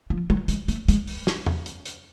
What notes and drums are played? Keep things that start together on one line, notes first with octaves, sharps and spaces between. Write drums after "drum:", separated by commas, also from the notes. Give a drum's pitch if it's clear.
F3
F#3, drum: tom
G#3, drum: hi-hat
A3, drum: hi-hat
G#3, drum: hi-hat
drum: open hi-hat
drum: snare
drum: tom E2
drum: hi-hat
drum: hi-hat